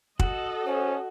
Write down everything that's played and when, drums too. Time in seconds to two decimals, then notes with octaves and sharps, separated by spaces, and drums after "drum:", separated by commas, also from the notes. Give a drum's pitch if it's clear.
0.19 F#4 A4 D#5, drum: kick
0.66 C#4 C5